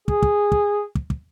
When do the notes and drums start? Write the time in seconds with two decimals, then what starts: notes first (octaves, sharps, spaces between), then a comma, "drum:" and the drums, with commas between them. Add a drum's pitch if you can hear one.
0.08 G#4, drum: kick
0.22 drum: kick
0.52 drum: kick
0.95 drum: kick
1.10 drum: kick